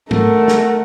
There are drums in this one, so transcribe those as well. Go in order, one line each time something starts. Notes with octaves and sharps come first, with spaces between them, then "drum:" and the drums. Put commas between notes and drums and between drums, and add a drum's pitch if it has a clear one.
A3 A#4 F#5, drum: tom
drum: snare